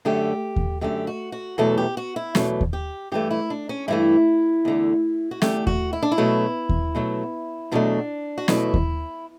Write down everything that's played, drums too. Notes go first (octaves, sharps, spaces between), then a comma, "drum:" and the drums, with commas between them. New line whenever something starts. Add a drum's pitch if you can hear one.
F#2 D3 A3 G4
drum: kick D#2
F#2 D3 A3 G4
F#4
F#4
E2 B2 F#3 A3 A4
G4
F#4
E4
E2 B2 F#3 A3, drum: snare
drum: kick D#2
G4
G2 E3 A3 G4
E4
D4
C#4
G2 E3 A3 E4
E2 D3 A3
F#4
E2 D3 A3 G4, drum: snare
F#4, drum: kick D#2
E4
D4
E4
B2 F#3 A3
drum: kick D#2
B2 F#3 A3
E2 B2 F#3 A3 D4
F#4
E2 B2 F#3 A3 E4, drum: snare
drum: kick D#2